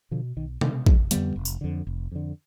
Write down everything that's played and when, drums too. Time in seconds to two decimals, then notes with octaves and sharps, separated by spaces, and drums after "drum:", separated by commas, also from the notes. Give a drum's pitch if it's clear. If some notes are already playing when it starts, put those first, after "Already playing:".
0.11 B2 D3 F3
0.36 B1 D#3
0.61 B2 D#3, drum: tom C3
0.86 F1 F3 G#3, drum: kick
1.11 F2 D3 G3 B3, drum: hi-hat
1.36 F1
1.45 drum: tambourine
1.61 F2 D3
1.87 F1
2.12 F2 D3